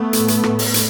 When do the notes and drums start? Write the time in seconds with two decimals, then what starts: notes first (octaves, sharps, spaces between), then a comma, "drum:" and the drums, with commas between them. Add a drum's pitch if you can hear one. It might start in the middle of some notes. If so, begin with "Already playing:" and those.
Already playing: A3 B3
0.13 A2, drum: hi-hat
0.28 drum: hi-hat
0.43 A2, drum: rim click
0.59 drum: open hi-hat
0.74 drum: hi-hat